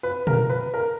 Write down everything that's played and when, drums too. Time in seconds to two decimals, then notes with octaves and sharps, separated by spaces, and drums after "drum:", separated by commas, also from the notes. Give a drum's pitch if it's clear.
0.03 B4
0.27 A#4, drum: tom A#2
0.49 B4
0.74 A#4